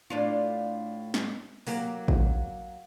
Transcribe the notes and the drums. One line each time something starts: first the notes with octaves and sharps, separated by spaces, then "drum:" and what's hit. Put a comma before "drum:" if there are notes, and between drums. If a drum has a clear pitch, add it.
A2 D4 F4
drum: snare
F#3 A#3 G4, drum: open hi-hat
drum: kick A1